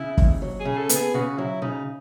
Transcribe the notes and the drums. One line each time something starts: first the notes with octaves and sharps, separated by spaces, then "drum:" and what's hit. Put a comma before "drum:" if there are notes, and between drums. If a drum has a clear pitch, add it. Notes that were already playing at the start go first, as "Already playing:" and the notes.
Already playing: C#3 E4
D#2, drum: kick
F#3
G#4
C#3
A4
B3, drum: hi-hat
G#4
C#3 F#4
F#3 E4
C#3 D#4